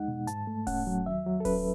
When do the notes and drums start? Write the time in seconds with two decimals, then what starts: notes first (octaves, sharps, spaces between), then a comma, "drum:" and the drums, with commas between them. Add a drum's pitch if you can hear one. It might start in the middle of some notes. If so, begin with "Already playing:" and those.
Already playing: E2 G#3 D#4 F#5
0.08 B2
0.27 G#2 A5, drum: hi-hat
0.47 A3
0.67 C#4 F#5, drum: kick D#1, open hi-hat
0.87 F#3
1.06 D#2 E5
1.26 F#3
1.40 A4
1.45 C#4 B4, drum: kick D#1, open hi-hat